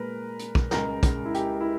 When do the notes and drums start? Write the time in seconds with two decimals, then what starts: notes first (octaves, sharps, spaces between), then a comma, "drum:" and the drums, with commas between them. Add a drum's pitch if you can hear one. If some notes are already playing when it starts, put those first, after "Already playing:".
Already playing: A#2 G#3 A#4 B4
0.39 drum: hi-hat
0.55 drum: kick
0.71 C#2 C#3 G#3 A#4, drum: snare
1.03 drum: kick, hi-hat
1.25 E4
1.34 G4, drum: hi-hat
1.60 E4